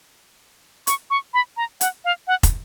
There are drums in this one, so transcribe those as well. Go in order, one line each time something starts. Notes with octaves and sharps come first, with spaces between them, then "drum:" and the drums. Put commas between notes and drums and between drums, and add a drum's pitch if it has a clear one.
C#6, drum: hi-hat
C#6
B5
A#5
F#5, drum: hi-hat
F5
F#5
drum: kick, hi-hat